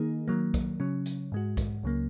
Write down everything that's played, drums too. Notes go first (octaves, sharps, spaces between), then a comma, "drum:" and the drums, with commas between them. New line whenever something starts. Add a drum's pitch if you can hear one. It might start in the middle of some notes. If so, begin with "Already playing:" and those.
Already playing: D#3 A#3 D#4 G#4
D#3 F#3 A#3
drum: kick, hi-hat
C#3 F#3 C#4
drum: hi-hat
G#2 G#3 F#4
drum: kick, hi-hat
C#2 C#3 F#3 A#3